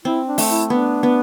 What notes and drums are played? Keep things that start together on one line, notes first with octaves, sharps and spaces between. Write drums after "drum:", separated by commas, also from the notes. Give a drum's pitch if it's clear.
C4 E4
D4
A3, drum: open hi-hat
E4
B3 D4
B3